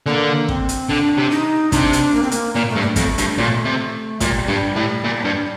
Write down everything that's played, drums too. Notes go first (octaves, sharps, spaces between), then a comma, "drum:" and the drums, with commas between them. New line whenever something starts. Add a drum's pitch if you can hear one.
D3 A#3
C4, drum: kick
drum: hi-hat
D3 D4
C3
D#4
C3 D4, drum: kick, hi-hat
drum: hi-hat
A#3
C4
A#3, drum: hi-hat
A#2 A#3
A3
G2
G3
F2 A3, drum: kick, hi-hat
G2, drum: hi-hat
A#2
C3
A#2 A3, drum: kick, hi-hat
G3
G2
A2
A#2
G2